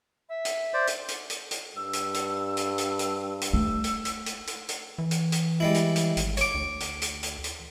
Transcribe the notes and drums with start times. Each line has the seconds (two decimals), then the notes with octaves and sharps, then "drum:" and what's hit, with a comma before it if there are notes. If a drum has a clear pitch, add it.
0.29 E5
0.45 drum: hi-hat
0.74 C5 D5
0.87 drum: hi-hat
1.08 drum: hi-hat
1.30 drum: hi-hat
1.51 drum: hi-hat
1.77 G2 E6
1.93 drum: hi-hat
2.14 drum: hi-hat
2.57 drum: hi-hat
2.78 drum: hi-hat
2.99 drum: hi-hat
3.41 drum: hi-hat
3.53 A3 E6
3.84 drum: hi-hat
4.05 drum: hi-hat
4.26 drum: hi-hat
4.47 drum: hi-hat
4.69 drum: hi-hat
4.98 E3
5.11 drum: hi-hat
5.32 drum: hi-hat
5.60 G3 G#3 E4
5.74 drum: hi-hat
5.96 drum: hi-hat
6.17 G#1, drum: hi-hat
6.37 C#5 D6, drum: hi-hat
6.54 D2
6.80 drum: hi-hat
7.02 drum: hi-hat
7.23 drum: hi-hat
7.44 drum: hi-hat